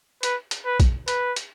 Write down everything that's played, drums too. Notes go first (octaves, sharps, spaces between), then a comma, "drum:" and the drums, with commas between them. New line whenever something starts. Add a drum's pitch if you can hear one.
B4, drum: hi-hat
drum: hi-hat
B4
drum: kick, hi-hat
B4, drum: hi-hat
drum: hi-hat